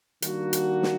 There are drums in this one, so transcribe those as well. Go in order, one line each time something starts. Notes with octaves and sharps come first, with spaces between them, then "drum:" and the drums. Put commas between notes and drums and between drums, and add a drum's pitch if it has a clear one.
D#3 G3 A#3 D4 F#4, drum: hi-hat
drum: hi-hat
drum: snare